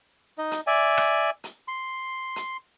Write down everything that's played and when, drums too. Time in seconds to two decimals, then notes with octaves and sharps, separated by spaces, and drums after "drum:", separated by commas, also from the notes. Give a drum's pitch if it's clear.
0.38 D#4 D#5
0.51 drum: hi-hat
0.67 D5 E5 G#5
0.98 drum: rim click
1.44 drum: hi-hat
1.68 C6
2.36 drum: hi-hat